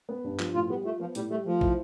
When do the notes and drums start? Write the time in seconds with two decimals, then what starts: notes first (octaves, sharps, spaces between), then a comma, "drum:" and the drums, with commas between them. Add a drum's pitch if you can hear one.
0.09 B3
0.24 G2
0.39 F3, drum: clap
0.54 A2 F4
0.69 G3 B3
0.85 A3 F4
0.99 F3 B3
1.15 A2 G3, drum: hi-hat
1.31 G3 A3
1.46 F3 A3
1.61 E4, drum: kick